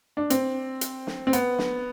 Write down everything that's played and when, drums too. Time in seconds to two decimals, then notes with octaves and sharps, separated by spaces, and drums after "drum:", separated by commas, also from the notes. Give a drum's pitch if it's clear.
0.17 D4
0.30 C4, drum: hi-hat
0.81 drum: hi-hat
1.07 drum: snare
1.27 C4
1.33 B3, drum: hi-hat
1.59 drum: snare